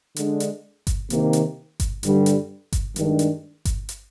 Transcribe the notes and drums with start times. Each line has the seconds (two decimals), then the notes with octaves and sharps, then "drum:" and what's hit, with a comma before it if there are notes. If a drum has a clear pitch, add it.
0.16 D3 G#3 D4, drum: hi-hat
0.40 drum: hi-hat
0.87 drum: kick G1, hi-hat
1.10 C3 D#3 A#3, drum: hi-hat
1.33 drum: hi-hat
1.80 drum: kick G1, hi-hat
2.03 G2 D3 G3, drum: hi-hat
2.26 drum: hi-hat
2.72 drum: kick G1, hi-hat
2.96 G2 D#3 G#3 D4, drum: hi-hat
3.19 drum: hi-hat
3.65 drum: kick G1, hi-hat
3.89 drum: hi-hat